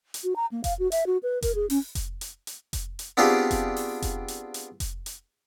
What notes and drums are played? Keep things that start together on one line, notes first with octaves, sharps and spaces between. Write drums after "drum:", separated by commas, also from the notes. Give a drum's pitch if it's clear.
drum: hi-hat
F#4
A#5
A#3
F5, drum: kick F1, hi-hat
F#4
E5, drum: hi-hat
F#4
B4
A#4, drum: kick F1, hi-hat
G#4
C#4, drum: open hi-hat
drum: kick F1, hi-hat
drum: hi-hat
drum: hi-hat
drum: kick F1, hi-hat
drum: hi-hat
B3 C4 D4 F4 G4 G#4
drum: kick F1, hi-hat
drum: open hi-hat
drum: kick F1, hi-hat
drum: hi-hat
drum: hi-hat
drum: kick F1, hi-hat
drum: hi-hat